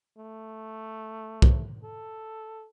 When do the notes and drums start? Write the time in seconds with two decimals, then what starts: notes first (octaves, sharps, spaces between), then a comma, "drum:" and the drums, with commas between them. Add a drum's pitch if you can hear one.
0.18 A3
1.42 drum: kick
1.83 A4